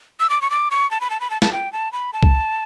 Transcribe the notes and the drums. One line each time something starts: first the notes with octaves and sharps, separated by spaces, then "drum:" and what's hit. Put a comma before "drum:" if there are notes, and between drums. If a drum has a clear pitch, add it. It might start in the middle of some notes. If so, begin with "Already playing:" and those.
E6
D6
C#6
D6
C#6
A5
B5
A5
B5
A5
A5, drum: snare
G5
A5
B5
A5
drum: kick C2